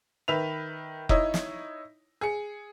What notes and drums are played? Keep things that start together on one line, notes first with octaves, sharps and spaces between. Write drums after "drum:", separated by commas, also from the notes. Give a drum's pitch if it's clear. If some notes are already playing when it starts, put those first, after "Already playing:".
D#3 B4 E5 F7
D#4 E4 C#5 D#5, drum: kick F1
drum: snare
G#4 C#7